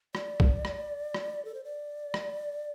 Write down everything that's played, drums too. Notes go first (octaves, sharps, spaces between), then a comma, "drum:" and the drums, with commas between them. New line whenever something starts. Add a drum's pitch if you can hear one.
D5, drum: rim click
drum: kick
drum: rim click
drum: rim click
A4
C5
D5
drum: rim click